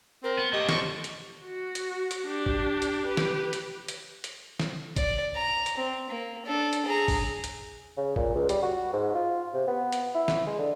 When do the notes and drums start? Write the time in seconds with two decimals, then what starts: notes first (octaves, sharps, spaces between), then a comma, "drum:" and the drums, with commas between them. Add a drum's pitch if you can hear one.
0.24 C4 A#4
0.38 B3
0.53 A3 A#3 G4 D#5
0.69 D4 C5 C#6, drum: snare
1.04 drum: hi-hat
1.45 F#4
1.75 drum: hi-hat
2.11 drum: hi-hat
2.26 D4 G4
2.46 drum: kick G1
2.82 drum: hi-hat
3.06 G4 B4
3.17 drum: snare
3.53 drum: hi-hat
3.88 drum: hi-hat
4.24 drum: hi-hat
4.59 drum: snare
4.96 D5, drum: kick G1, hi-hat
5.35 A#5
5.66 drum: hi-hat
5.77 C4
6.09 A#3
6.45 D4 A4
6.73 drum: hi-hat
6.85 G#4 A#5
7.08 drum: kick G1, open hi-hat
7.44 drum: hi-hat
7.97 C#3
8.16 A#2, drum: kick G1
8.35 C#2
8.49 G3, drum: hi-hat
8.62 F#4
8.93 G#2
9.15 F4
9.54 C3
9.68 B3
9.92 drum: hi-hat
10.14 E4
10.28 drum: snare
10.47 G#3
10.58 D3